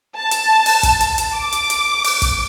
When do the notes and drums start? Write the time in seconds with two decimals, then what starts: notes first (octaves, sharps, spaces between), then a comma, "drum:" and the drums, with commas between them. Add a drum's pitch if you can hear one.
0.17 A5
0.31 drum: hi-hat
0.66 drum: open hi-hat
0.83 drum: kick, hi-hat
1.01 drum: hi-hat
1.18 drum: hi-hat
1.35 D6
1.52 drum: hi-hat
1.70 drum: hi-hat
2.04 drum: open hi-hat
2.22 drum: kick, hi-hat